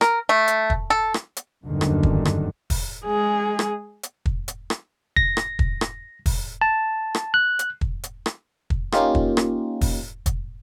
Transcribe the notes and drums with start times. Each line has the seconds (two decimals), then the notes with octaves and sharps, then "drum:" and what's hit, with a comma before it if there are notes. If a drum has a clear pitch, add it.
0.01 A#4, drum: rim click
0.29 A3
0.48 drum: hi-hat
0.70 drum: kick
0.90 A4
1.14 drum: rim click
1.37 drum: hi-hat
1.66 F#1 E2 G2 D3 D#3
1.81 drum: rim click
2.03 drum: kick
2.25 drum: rim click
2.70 drum: kick, open hi-hat
3.06 G#3 G#4
3.59 drum: rim click
4.03 drum: hi-hat
4.26 drum: kick
4.48 drum: hi-hat
4.70 drum: rim click
5.16 A#6, drum: kick
5.37 drum: rim click
5.59 drum: kick
5.81 drum: rim click
6.26 drum: kick, open hi-hat
6.61 A5
7.15 drum: rim click
7.34 F#6
7.59 drum: hi-hat
7.81 drum: kick
8.03 drum: hi-hat
8.26 drum: rim click
8.70 drum: kick
8.92 A#3 C#4 D#4 F4 G4, drum: rim click
9.15 drum: kick
9.37 drum: rim click
9.81 drum: kick, open hi-hat
10.26 drum: kick, hi-hat